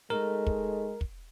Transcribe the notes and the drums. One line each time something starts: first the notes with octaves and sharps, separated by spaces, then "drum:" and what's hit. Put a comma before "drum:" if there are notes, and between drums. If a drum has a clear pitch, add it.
G#3 A3 D#4 A#4
drum: kick
drum: kick